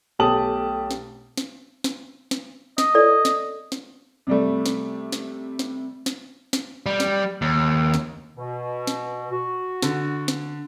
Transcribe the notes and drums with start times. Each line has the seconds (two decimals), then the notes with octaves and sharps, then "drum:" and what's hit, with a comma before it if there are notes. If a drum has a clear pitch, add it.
0.19 B1 A3 G4 A5 D#6 F#7
0.91 drum: snare
1.37 drum: snare
1.84 drum: snare
2.31 drum: snare
2.78 D#5, drum: snare
2.95 A4 D5
3.25 drum: snare
3.72 drum: snare
4.27 C3 G3 A3
4.66 drum: snare
5.12 drum: snare
5.59 drum: snare
6.06 drum: snare
6.53 drum: snare
6.86 G3
7.00 drum: snare
7.42 D#2
7.94 drum: snare
8.36 B2
8.87 drum: snare
9.31 F#4
9.82 D3, drum: snare
10.28 drum: snare